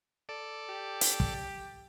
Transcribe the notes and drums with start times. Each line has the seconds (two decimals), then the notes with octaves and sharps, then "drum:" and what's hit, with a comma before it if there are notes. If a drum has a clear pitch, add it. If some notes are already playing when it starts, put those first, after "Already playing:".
0.29 A4 D5
0.69 G4
1.01 drum: hi-hat
1.20 drum: kick